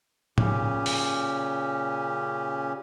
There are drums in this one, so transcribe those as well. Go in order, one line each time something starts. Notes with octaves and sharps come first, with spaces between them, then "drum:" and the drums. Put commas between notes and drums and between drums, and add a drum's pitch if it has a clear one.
A#2 C#3 C#4 G4, drum: tom A2
drum: open hi-hat